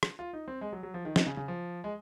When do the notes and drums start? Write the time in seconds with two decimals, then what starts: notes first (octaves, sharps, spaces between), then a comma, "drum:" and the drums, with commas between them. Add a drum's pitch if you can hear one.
0.03 drum: rim click
0.19 F4
0.33 D#4
0.48 C4
0.61 G#3
0.73 F#3
0.83 F#3
0.94 F3
1.05 D#3
1.16 D#3, drum: snare
1.26 C#3
1.37 C#3
1.48 F3
1.84 G#3